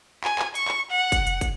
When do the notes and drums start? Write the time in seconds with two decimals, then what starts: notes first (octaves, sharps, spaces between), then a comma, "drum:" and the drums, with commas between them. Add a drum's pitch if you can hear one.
0.24 G#5, drum: clap
0.39 drum: clap
0.55 C#6, drum: hi-hat
0.68 drum: clap
0.91 F#5
1.12 drum: kick, hi-hat
1.27 drum: hi-hat
1.41 drum: kick, hi-hat